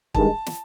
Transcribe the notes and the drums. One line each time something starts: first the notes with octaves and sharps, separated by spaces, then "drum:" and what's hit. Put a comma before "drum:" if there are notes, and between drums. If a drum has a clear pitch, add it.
G2 D#3 G#3 A5, drum: kick
drum: snare